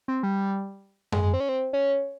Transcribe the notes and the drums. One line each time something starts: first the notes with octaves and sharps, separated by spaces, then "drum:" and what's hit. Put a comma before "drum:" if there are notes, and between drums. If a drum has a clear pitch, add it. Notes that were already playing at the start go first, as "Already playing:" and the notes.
C4
G3
G#3, drum: tom F#2
G#3
C4
C#4
C4
C#4